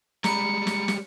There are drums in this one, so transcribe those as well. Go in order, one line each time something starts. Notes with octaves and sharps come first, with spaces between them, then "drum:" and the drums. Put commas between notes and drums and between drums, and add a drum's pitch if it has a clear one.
G3 G#3 A#5 B5 C#7, drum: snare
drum: snare
drum: snare